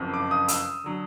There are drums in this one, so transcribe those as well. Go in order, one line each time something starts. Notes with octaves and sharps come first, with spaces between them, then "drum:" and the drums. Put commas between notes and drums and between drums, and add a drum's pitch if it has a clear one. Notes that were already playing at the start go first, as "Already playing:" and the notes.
Already playing: F#1 F2 C#3 E3
D6
D#6
E6, drum: hi-hat
D3 F#3